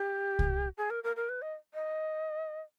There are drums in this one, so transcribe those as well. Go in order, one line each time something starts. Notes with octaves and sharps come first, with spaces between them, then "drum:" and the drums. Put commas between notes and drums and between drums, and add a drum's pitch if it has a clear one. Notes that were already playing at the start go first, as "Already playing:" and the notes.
Already playing: G4
drum: kick C2
G#4
A#4
A#4
A#4
B4
D#5
D#5